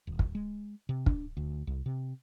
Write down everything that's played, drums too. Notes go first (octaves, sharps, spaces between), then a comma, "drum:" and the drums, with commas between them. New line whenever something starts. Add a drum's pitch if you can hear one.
D#1
drum: kick
G#3
C3
D4, drum: kick
D2
C2
C3